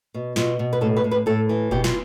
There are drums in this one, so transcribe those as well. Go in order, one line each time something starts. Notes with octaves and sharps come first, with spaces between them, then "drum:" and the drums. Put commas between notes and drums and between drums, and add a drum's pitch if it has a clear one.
B2
B2 F4, drum: snare
B2
B4
A2 A4
B4
A2
B4
A2 A4
E3
B2 G4, drum: kick F1
F4, drum: snare